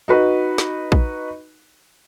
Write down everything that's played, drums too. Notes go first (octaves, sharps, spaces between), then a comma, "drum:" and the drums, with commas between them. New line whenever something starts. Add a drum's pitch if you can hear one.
D#4 F#4 B4
drum: snare
drum: kick A#1